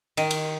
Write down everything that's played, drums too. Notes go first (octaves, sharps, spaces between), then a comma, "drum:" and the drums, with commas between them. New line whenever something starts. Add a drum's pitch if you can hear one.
D#3, drum: cymbal
drum: cymbal